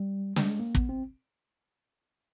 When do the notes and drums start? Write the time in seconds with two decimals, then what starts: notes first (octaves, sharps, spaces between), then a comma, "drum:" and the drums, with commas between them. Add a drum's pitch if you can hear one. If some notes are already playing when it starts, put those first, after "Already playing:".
Already playing: G3
0.36 G3, drum: snare
0.45 G#3
0.60 A#3
0.75 B3, drum: kick
0.89 C4